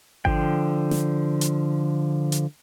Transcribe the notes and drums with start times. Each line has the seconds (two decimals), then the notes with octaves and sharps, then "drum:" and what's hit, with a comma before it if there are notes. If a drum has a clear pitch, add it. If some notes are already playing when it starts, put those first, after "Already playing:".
0.25 D3 F3 G5, drum: kick G#1
0.91 drum: snare
1.41 drum: hi-hat
2.32 drum: hi-hat